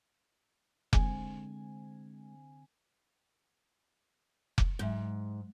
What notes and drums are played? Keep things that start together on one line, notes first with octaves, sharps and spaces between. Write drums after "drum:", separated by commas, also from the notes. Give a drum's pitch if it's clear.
D3 G#3 C4 G#5, drum: kick F1
drum: kick F1
G#2 F#3 G#3 E5